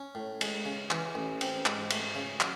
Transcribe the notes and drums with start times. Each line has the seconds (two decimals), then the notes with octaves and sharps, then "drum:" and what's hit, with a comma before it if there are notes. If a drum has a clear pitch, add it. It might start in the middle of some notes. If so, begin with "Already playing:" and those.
Already playing: C#4
0.15 A2
0.41 G#3, drum: cymbal
0.65 C#3
0.91 E3, drum: clap
1.15 A1
1.41 C4, drum: cymbal
1.66 G#2, drum: clap
1.90 A3, drum: cymbal
2.15 C#3
2.40 F#3, drum: clap